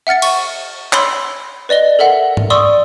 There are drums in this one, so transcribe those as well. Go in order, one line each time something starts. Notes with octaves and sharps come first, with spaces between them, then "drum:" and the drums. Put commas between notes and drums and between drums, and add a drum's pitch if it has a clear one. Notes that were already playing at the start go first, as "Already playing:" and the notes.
E5 F#5 F6 A6 C#7
C#6, drum: cymbal
C#5 B5 C6 E6, drum: clap
B4 D5 D#5 G7
A4 A#4 E5 F#5
drum: tom G#2
D5 C6 C#6 D#6 E6